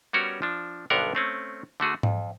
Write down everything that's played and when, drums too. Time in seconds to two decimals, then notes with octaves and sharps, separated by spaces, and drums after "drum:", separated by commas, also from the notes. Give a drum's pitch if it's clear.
0.13 G3 B3 C#4 F#4 A#4 C#5
0.42 F3 D4
0.90 B1 G2 D3 B3 A#4 F#5
1.15 A3 C4 C#4
1.80 D3 A3 F#4 G#4
2.03 F2, drum: tom G#2